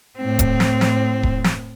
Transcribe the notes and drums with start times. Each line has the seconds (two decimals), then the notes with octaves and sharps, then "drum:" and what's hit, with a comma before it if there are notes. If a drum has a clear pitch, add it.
0.18 A2 C4
0.39 drum: kick D#1, hi-hat
0.60 drum: snare
0.81 drum: snare
1.23 drum: kick D#1
1.44 drum: snare